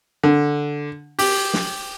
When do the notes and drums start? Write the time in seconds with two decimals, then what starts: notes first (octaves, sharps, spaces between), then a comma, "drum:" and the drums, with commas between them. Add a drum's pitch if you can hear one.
0.23 D3
1.19 G4, drum: open hi-hat
1.54 drum: snare